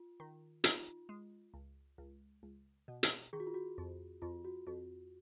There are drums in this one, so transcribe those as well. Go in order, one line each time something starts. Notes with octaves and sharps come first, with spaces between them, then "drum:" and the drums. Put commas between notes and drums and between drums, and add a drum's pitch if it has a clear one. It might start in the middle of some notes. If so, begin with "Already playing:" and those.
Already playing: F4
D#3
D#4 F4, drum: hi-hat
G#3
C#2
C#2
C#2
B2
drum: hi-hat
D#3 G#4
F#4
F4
F#4
F2
F2 F4
F#4
F2 F#4